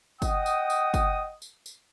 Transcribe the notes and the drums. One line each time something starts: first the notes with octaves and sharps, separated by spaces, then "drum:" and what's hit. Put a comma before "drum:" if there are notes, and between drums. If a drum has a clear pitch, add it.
D#5 F#5 G5 D#6, drum: kick, tambourine
drum: tambourine
drum: tambourine
drum: kick, tambourine
drum: tambourine
drum: tambourine